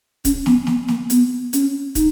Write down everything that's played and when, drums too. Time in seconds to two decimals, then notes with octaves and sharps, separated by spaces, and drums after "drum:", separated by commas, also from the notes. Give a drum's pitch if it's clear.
0.25 C#4, drum: kick, hi-hat
0.46 B3, drum: snare
0.67 B3, drum: snare
0.88 A#3, drum: snare
1.10 B3, drum: hi-hat
1.53 C#4, drum: hi-hat
1.95 D#4, drum: kick, hi-hat